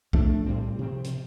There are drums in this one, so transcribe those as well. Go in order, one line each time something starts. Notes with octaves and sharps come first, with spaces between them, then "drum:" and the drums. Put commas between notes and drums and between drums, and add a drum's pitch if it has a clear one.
A2 F3 A3 D4, drum: kick B1
A2 G3 C4
C3 F3 C4
drum: hi-hat